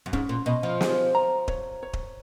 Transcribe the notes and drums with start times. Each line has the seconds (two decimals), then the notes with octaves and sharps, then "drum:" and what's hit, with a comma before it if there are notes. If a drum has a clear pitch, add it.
0.06 F#2
0.13 G#2 C#4, drum: kick D#1
0.29 A#2
0.46 B2 D#5
0.63 F3
0.81 G#4, drum: snare
1.15 A#5
1.48 C#5, drum: kick D#1
1.83 C#5
1.93 drum: kick D#1